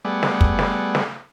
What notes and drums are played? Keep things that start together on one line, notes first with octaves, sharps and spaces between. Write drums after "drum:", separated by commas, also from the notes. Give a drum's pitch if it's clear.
G3 A3 B3 G#4 D5 F#5
drum: snare
drum: kick
drum: snare
drum: snare